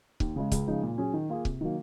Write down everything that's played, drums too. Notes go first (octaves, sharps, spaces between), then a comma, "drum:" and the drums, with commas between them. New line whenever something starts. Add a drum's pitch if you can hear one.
D#2, drum: kick C#1
C#3 G#3
C#2, drum: kick C#1, hi-hat
C#3 F3 G#3 D#4
A#2
F#3 C#4 G#4
D#3
A#3 F4 G#4
C3, drum: kick C#1
D#3 F#3 A#3